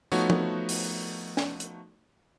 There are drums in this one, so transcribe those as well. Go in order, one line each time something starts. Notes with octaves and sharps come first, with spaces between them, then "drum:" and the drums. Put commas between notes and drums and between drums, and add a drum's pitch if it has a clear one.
F3 A3 B3 D#4 F#4 C#5, drum: tambourine
drum: tom
drum: open hi-hat
drum: snare
drum: hi-hat